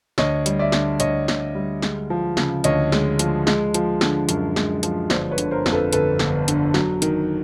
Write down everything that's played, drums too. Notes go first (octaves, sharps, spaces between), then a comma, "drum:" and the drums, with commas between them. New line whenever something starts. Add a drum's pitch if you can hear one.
D2 C#5 D#5, drum: snare
G3, drum: hi-hat
D5 E5
D3, drum: snare
D2 C#5 D#5, drum: hi-hat
D2, drum: snare
G3
G#3, drum: snare
F3
C#3, drum: snare
D2 C#5 D#5, drum: hi-hat
G#3, drum: snare
F3, drum: hi-hat
G#3, drum: snare
F3, drum: hi-hat
D3, drum: snare
F#2, drum: hi-hat
G#3, drum: snare
F3, drum: hi-hat
G1 C5 D5, drum: snare
B4 C#5
D3, drum: hi-hat
A#4 C5
F2, drum: snare
A4 B4
G1 A4 B4, drum: hi-hat
G1, drum: snare
D3, drum: hi-hat
F#3, drum: snare
D#3, drum: hi-hat